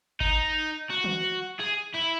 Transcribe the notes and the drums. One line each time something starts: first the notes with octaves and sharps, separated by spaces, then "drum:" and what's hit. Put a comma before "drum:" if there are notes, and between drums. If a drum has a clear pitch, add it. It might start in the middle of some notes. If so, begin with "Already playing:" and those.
D#4, drum: kick G1
F#4
drum: tom
G#4
E4